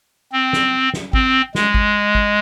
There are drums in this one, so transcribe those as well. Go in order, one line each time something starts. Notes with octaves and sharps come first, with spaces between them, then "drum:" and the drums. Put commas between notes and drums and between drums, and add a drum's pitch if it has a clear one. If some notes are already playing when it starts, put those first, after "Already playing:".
C4
drum: snare
drum: snare
C4, drum: kick G#1
G#3, drum: snare
drum: kick G#1
drum: kick G#1